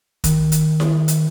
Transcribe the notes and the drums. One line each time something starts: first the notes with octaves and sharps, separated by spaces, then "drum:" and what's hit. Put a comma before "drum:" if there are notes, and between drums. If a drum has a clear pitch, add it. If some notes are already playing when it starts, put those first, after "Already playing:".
D#3, drum: kick, hi-hat
drum: hi-hat
drum: snare E4
drum: hi-hat